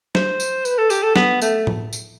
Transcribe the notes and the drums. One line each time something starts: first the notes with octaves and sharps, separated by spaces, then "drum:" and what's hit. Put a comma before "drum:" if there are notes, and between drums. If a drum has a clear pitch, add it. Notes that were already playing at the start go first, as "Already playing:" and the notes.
C5, drum: snare
drum: tambourine
B4, drum: tambourine
A4
G4, drum: tambourine
A4
B3, drum: snare
A3, drum: tambourine
drum: tom A2
drum: tambourine